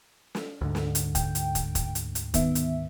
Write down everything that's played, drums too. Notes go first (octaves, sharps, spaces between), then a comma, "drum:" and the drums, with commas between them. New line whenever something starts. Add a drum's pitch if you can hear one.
drum: snare
D2 G#2 D3
drum: snare
drum: hi-hat
G5, drum: kick, hi-hat
drum: hi-hat
drum: kick, hi-hat
drum: kick, hi-hat
drum: hi-hat
drum: hi-hat
D#3 B3 E5, drum: kick, hi-hat
drum: hi-hat